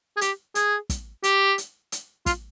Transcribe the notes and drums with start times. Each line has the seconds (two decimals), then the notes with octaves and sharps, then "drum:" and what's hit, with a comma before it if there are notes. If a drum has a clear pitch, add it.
0.17 G#4
0.21 G4, drum: hi-hat
0.55 G#4, drum: hi-hat
0.90 drum: kick, hi-hat
1.24 G4, drum: hi-hat
1.58 drum: hi-hat
1.92 drum: hi-hat
2.26 F4, drum: kick, hi-hat